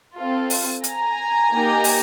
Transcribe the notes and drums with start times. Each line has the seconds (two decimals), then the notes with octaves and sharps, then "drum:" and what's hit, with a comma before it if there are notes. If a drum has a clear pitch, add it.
0.17 C4 F4 A4
0.50 drum: open hi-hat
0.84 G#5 A#5, drum: hi-hat
1.51 A#3 D#4 G4
1.84 drum: open hi-hat